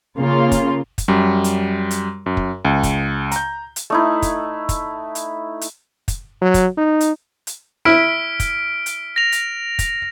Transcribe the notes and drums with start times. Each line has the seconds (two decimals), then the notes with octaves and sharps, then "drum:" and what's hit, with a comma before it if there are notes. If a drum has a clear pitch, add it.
0.18 C#3 A#3 F4
0.52 drum: kick, hi-hat
0.98 drum: kick, hi-hat
1.08 F#2 G3
1.44 drum: hi-hat
1.91 drum: hi-hat
2.26 F#2
2.37 drum: kick
2.65 C#2
2.83 drum: kick, hi-hat
3.31 A#5 G6, drum: hi-hat
3.76 drum: hi-hat
3.90 A3 D#4 E4
4.22 drum: kick, hi-hat
4.69 drum: kick, hi-hat
5.15 drum: hi-hat
5.61 drum: hi-hat
6.08 drum: kick, hi-hat
6.42 F#3
6.54 drum: kick, hi-hat
6.77 D#4
7.01 drum: hi-hat
7.47 drum: hi-hat
7.85 E4 F6 B6 D7
8.40 drum: kick, hi-hat
8.86 drum: hi-hat
9.16 A#6 F7
9.32 drum: hi-hat
9.79 drum: kick, hi-hat